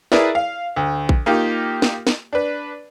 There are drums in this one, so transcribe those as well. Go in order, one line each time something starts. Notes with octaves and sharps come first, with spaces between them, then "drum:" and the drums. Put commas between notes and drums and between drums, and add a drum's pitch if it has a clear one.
E4 G#4 A#4 B4 D5 E5, drum: snare
F5
D2
drum: kick A#1
A#3 D#4 F4 G4
drum: snare
drum: snare
D4 B4